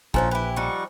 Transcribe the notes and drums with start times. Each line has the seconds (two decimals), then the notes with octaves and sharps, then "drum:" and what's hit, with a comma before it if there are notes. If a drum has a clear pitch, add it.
0.14 A#1 C#4 D#4 F4 F#4 A4 C5 G#5, drum: kick
0.31 E4 G4 B4
0.56 F3 G3 D#4 F#5 C#6